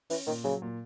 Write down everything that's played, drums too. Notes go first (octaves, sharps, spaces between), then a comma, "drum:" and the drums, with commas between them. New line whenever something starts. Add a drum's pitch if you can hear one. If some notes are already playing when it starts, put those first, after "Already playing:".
E3 C#4, drum: open hi-hat
A#2 D#3
C#3 F#3
A#2